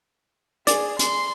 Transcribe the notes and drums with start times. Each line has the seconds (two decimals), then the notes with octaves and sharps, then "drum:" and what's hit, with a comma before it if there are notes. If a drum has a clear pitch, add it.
0.67 G#4 D5, drum: hi-hat
0.99 C6, drum: hi-hat